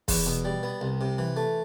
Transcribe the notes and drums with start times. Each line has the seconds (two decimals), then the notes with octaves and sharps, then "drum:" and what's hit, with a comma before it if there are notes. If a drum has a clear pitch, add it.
0.08 E2, drum: kick, open hi-hat
0.27 B2
0.45 G3
0.63 B3
0.81 C2
1.01 C3
1.18 E3
1.37 A3